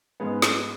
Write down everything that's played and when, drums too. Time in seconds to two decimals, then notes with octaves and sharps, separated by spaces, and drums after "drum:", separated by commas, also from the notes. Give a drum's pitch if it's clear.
0.20 G#2 G#3 B3
0.42 drum: snare